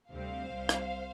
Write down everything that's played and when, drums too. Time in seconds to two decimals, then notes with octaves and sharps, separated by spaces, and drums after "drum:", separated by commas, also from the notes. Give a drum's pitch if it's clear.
0.11 D2 C3 G3 C4 C5 F5
0.53 C2 C3 G3
0.69 drum: rim click